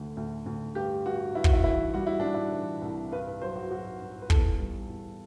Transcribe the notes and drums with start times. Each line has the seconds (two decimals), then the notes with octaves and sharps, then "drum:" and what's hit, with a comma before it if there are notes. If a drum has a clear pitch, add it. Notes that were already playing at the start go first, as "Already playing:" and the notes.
Already playing: D2 D3
0.17 D2
0.46 D2
0.75 G2 G4
1.06 G2 F#4
1.35 G2 E4
1.44 F#4, drum: kick
1.53 E4
1.64 E3 E4
1.94 G3 F#4
2.07 E4
2.20 G3 D4
2.34 E4
2.52 E3
2.82 C2
3.12 G2 B4
3.27 B4
3.42 F#3 C5
3.56 F#4
3.71 F#3 F#4
4.01 G2
4.22 B4
4.30 E2 A4, drum: kick
4.59 G3
4.89 E2